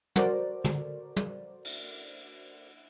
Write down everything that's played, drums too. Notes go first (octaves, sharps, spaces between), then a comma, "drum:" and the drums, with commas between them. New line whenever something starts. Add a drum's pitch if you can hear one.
F#4 A4 A#4 C5 D5, drum: tom
drum: tom
drum: tom
drum: cymbal